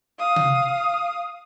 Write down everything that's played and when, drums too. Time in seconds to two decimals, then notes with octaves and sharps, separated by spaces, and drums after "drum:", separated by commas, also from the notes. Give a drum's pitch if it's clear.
0.18 F5 D#6
0.36 drum: tom C3